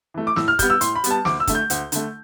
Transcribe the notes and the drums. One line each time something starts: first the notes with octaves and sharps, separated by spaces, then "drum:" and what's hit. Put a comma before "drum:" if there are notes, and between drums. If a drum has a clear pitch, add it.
E3 A3
D6
A2 E6, drum: snare
F6
G3 B3 G6, drum: kick, hi-hat
E6
A2 C6, drum: hi-hat
B5
G3 B3, drum: hi-hat
A5
D2 D6, drum: snare
E6
D3 A3, drum: kick, hi-hat
G6
D2, drum: hi-hat
D3 A3, drum: hi-hat